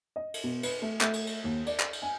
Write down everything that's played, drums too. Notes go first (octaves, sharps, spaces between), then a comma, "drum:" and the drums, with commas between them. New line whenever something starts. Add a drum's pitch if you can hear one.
D#5
drum: cymbal
B2
B4, drum: cymbal
A3
A3, drum: clap
drum: cymbal
drum: cymbal
D#2
D5, drum: cymbal
drum: clap
drum: cymbal
G#5